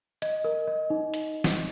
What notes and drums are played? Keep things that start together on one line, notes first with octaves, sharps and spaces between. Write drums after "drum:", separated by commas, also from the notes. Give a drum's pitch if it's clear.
D#5, drum: hi-hat
A#4
D#5
D#4
drum: hi-hat
drum: snare